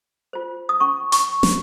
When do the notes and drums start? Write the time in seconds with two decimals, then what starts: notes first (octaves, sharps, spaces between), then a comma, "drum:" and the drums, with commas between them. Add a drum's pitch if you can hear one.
0.33 F4 C5
0.69 D#6
0.80 C#4 C#6
1.12 C#6, drum: hi-hat
1.43 drum: snare